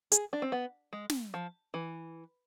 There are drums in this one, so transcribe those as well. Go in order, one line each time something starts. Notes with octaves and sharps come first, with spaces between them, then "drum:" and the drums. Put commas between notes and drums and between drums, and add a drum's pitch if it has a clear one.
G#4, drum: hi-hat
D4
C4
B3
G#3
drum: snare
F3
E3